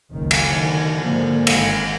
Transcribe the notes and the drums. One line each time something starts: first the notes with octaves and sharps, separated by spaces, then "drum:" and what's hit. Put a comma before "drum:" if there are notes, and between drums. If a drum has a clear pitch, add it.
F#1 C#2 D#3
drum: cymbal
D3 D#3
G#2 D3 F3 A#3
G#1, drum: cymbal